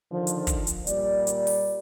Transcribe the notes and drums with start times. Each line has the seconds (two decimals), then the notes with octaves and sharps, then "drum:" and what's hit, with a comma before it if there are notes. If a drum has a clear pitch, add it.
0.12 D3 D#3 F3
0.27 drum: hi-hat
0.47 drum: kick, hi-hat
0.67 drum: hi-hat
0.87 A#2 G3 D5, drum: hi-hat
1.27 drum: hi-hat
1.47 drum: open hi-hat